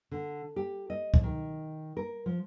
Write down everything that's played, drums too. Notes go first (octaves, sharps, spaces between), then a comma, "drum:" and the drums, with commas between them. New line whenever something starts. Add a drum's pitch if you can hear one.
D3
G4
D#5
drum: kick C#2
D#3
A#4
F3